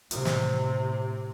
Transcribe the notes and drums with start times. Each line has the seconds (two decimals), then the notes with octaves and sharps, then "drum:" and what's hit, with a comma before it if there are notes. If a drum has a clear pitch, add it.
0.11 A2 C3, drum: hi-hat
0.25 drum: snare